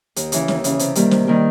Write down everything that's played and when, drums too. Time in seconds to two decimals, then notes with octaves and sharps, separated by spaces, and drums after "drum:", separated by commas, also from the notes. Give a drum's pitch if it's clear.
0.16 D#2, drum: hi-hat
0.32 C#3 E3, drum: hi-hat
0.48 D#2, drum: snare
0.64 C#3 E3, drum: hi-hat
0.79 C3, drum: hi-hat
0.95 D#3 G3 A#3, drum: hi-hat
1.11 C3, drum: snare
1.27 D#3 G3 A#3